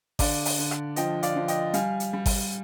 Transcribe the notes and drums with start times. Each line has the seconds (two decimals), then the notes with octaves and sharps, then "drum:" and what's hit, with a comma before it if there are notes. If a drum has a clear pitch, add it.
0.19 D3 D5 F5, drum: kick G#1, open hi-hat
0.45 drum: open hi-hat
0.58 D3
0.71 drum: rim click
0.96 F3 D#5 G5, drum: hi-hat
1.23 D5 F5, drum: hi-hat
1.36 F3
1.48 D#5 G5, drum: hi-hat
1.74 G3 F5 G#5, drum: hi-hat
2.00 drum: hi-hat
2.13 G3
2.26 drum: kick G#1, open hi-hat